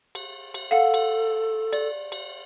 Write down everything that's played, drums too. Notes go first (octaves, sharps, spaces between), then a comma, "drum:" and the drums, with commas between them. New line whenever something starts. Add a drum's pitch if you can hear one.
drum: cymbal
drum: cymbal
A4 F5 F#5
drum: cymbal
D5, drum: cymbal
drum: cymbal